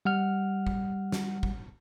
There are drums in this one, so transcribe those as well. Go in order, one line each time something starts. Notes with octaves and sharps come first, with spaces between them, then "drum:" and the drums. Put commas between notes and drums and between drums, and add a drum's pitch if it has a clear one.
G3 F#5 F6
drum: kick
drum: snare
drum: kick